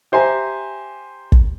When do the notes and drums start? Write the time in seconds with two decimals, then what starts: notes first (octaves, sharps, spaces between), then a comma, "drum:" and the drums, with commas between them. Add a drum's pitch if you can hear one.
0.12 G4 C5 E5 G#5 A#5 C6
1.32 drum: kick